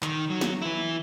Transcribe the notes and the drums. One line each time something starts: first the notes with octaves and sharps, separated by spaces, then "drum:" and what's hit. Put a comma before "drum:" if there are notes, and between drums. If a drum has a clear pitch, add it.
D#3, drum: clap
F#3
drum: snare
E3 E4